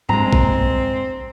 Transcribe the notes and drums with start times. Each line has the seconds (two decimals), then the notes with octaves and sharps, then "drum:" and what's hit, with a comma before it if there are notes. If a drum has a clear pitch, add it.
0.09 G2 G#3 C4 A#5, drum: tom G#2
0.33 drum: kick A#1